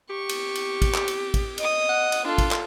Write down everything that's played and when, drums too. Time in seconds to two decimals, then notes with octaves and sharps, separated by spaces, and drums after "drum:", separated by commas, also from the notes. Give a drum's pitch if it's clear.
0.10 G4 C#6
0.29 drum: cymbal
0.55 drum: cymbal
0.82 drum: kick, cymbal
0.95 drum: clap
1.08 drum: cymbal
1.34 drum: kick, cymbal
1.58 D#5 D#6, drum: cymbal
1.89 F#5
2.12 drum: cymbal
2.25 D4 F4 A4
2.38 drum: kick, cymbal
2.51 drum: clap